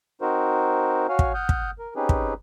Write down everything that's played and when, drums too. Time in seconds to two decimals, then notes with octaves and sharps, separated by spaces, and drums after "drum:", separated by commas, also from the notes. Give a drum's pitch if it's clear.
0.21 C4 D#4 F#4 A#4 C5
1.09 F#4 C#5 F5 G#5
1.19 drum: kick
1.34 F#5 D#6 F6 G6
1.49 drum: kick
1.79 A#4
1.96 C4 C#4 D#4 G4 G#4 B4
2.09 drum: kick